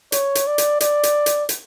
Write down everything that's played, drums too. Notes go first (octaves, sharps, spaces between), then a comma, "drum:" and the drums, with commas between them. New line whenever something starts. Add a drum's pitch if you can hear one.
C#5, drum: hi-hat
drum: hi-hat
D5
drum: hi-hat
D5, drum: hi-hat
drum: hi-hat
drum: hi-hat
drum: hi-hat